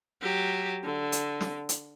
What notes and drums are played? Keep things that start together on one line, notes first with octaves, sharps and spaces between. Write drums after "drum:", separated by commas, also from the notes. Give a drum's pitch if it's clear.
F#3 G4
D3
drum: hi-hat
drum: snare
drum: hi-hat